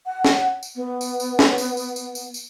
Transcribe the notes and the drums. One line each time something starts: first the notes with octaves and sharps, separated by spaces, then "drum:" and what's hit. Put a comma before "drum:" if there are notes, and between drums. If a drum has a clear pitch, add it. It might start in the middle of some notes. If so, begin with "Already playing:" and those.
F#5
drum: snare
drum: tambourine
B3
drum: tambourine
drum: tambourine
drum: snare
drum: tambourine
drum: tambourine
drum: tambourine
drum: tambourine
drum: tambourine